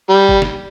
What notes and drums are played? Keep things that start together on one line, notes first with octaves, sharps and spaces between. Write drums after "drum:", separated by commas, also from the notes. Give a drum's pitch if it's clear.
G3
drum: kick G1
drum: snare